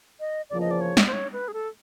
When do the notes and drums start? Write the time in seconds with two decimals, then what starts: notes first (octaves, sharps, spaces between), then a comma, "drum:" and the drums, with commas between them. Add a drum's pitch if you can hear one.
0.20 D#5
0.50 E2 C#3 F3 A#3 D5
0.61 D#5
0.71 D5
0.81 C#5
0.97 drum: snare
1.07 C5
1.13 C#5
1.33 B4
1.48 G#4
1.53 A4